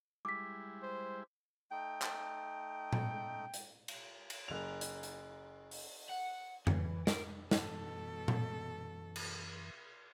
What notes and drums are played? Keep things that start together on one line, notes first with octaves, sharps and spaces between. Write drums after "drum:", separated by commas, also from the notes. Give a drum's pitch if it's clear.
G3 G#3 E4 D6 B6
C5
A3 D#4 G5
drum: clap
drum: tom A#2
drum: hi-hat
drum: cymbal
drum: cymbal
F#1 F7
drum: hi-hat
drum: hi-hat
drum: open hi-hat
F#5
E3, drum: tom F2
A#4, drum: snare
F#2 B2 E3 A4, drum: snare
drum: tom A#2
drum: cymbal